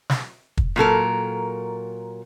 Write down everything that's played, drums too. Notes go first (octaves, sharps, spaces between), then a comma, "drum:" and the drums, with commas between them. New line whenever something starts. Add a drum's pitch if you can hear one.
drum: snare
drum: kick
A#2 F#3 A4 A#4